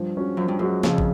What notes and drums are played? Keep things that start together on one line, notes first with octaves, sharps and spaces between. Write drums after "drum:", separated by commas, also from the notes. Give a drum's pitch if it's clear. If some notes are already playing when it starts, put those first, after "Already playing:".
Already playing: G2 F3
G#3 C#4 F#4
F#2 F3
G2
F#2 G#3 C#4 F#4
F2 C#3, drum: snare
drum: kick